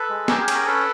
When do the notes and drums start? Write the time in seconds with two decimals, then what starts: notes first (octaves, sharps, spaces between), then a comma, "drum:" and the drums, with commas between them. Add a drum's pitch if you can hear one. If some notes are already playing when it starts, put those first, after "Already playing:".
Already playing: A4 B4
0.09 G#3
0.28 G4 G#4 A#4, drum: snare
0.41 G#4
0.48 C#4, drum: cymbal
0.54 G#4 A#4
0.66 C#4 A4 B4